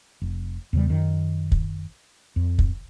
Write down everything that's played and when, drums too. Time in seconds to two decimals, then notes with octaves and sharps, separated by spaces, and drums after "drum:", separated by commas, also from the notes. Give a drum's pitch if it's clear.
0.22 F1
0.73 E2 C#3 G3
0.89 F#2 D#3
1.52 drum: kick
2.36 F2
2.59 drum: kick